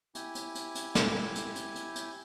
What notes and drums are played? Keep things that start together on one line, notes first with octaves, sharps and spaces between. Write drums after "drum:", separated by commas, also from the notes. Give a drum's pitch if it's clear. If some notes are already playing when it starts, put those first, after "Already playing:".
E4 G4 G#5, drum: hi-hat
drum: hi-hat
drum: hi-hat
drum: hi-hat
drum: snare
drum: hi-hat
drum: hi-hat
drum: hi-hat
drum: hi-hat